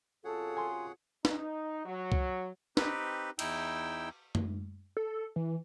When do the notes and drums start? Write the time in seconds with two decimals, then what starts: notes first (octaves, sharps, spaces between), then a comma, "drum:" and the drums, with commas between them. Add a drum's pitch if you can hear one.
0.25 F#2 C3 F4 G#4 A4 C#5 F#5
0.57 G#5 C6
1.25 D#4, drum: snare
1.84 F#3
2.12 drum: kick C2
2.77 C4 D#4 G4 B4, drum: snare
3.39 E2 D#4 E4 G5 E6, drum: cymbal
4.35 drum: tom
4.97 A4
5.36 E3